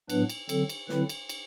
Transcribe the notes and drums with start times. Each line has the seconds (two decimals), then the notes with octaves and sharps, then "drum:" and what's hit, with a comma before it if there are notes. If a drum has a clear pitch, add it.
0.10 A2 F#3 B3 D4 B4, drum: cymbal
0.29 drum: cymbal
0.49 D3 F#3 C4 A4, drum: cymbal
0.69 drum: cymbal
0.89 D3 F#3 C4 E4 B4, drum: snare
1.09 drum: cymbal
1.29 drum: cymbal